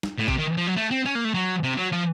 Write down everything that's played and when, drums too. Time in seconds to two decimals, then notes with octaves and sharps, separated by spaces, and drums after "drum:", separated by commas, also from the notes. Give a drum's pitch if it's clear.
0.03 drum: snare
0.19 A2
0.28 C3, drum: kick A1
0.38 D#3
0.57 F3
0.67 F#3
0.77 A3
0.91 C4
1.06 C#4
1.15 A#3
1.25 A3
1.34 F#3
1.63 C3
1.77 F#3
1.92 F3